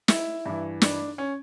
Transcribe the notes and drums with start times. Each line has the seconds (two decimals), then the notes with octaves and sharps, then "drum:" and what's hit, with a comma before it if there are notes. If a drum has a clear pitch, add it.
0.08 E4, drum: snare
0.46 G2 E3
0.82 D4, drum: snare
1.18 C#4